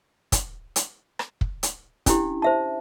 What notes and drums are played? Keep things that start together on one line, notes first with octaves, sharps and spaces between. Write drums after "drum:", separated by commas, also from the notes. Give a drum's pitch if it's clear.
drum: kick, hi-hat
drum: hi-hat
drum: rim click
drum: kick
drum: hi-hat
C#4 D4 E4 G4, drum: kick, hi-hat
C5 E5 A5